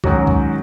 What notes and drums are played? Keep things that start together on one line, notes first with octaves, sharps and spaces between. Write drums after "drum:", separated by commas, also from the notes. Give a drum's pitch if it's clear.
G#2 D#3 F#3 C#4 F#4, drum: kick
drum: kick